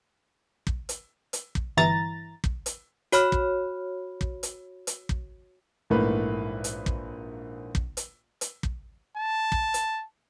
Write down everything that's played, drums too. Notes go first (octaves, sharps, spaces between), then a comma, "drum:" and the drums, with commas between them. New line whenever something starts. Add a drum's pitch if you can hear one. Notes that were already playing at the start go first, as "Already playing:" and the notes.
drum: kick
drum: hi-hat
drum: hi-hat
drum: kick
G1 E3 A#5 A6
drum: kick
drum: hi-hat
F#4 C#5 B5 F6, drum: hi-hat
drum: kick
drum: kick
drum: hi-hat
drum: hi-hat
drum: kick
A#1 G#2 E3 A3 A#3 B4
drum: hi-hat
drum: kick
drum: kick
drum: hi-hat
drum: hi-hat
drum: kick
A5
drum: kick
drum: hi-hat